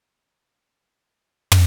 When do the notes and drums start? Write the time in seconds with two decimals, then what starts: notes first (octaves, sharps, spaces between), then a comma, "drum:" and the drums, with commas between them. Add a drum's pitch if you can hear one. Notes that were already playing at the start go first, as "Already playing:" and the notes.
0.15 E4 F#4
0.75 G5 C6
1.16 A3 G#4 A#4 D#5 G#5 B5
1.52 drum: tom